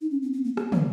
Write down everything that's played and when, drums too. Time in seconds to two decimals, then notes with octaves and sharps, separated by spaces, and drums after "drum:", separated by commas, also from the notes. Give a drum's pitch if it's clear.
0.01 D#4
0.11 C#4
0.22 C4
0.33 C4
0.44 A#3
0.57 A#3, drum: rim click
0.72 A#3, drum: tom